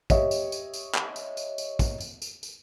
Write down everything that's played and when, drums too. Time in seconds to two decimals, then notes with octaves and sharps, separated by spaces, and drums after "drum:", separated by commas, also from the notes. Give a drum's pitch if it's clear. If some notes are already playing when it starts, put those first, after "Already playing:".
0.10 G4 C#5 D#5 E5, drum: kick, tambourine
0.31 drum: tambourine
0.52 drum: tambourine
0.73 drum: tambourine
0.95 drum: clap
1.16 drum: tambourine
1.37 drum: tambourine
1.58 drum: tambourine
1.79 drum: kick, tambourine
2.00 drum: tambourine
2.22 drum: tambourine
2.43 drum: tambourine